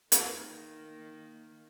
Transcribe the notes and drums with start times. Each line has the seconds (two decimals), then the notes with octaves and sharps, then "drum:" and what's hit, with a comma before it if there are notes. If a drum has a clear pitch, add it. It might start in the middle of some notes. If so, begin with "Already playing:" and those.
0.12 D#3 A#3 A#4 B4, drum: hi-hat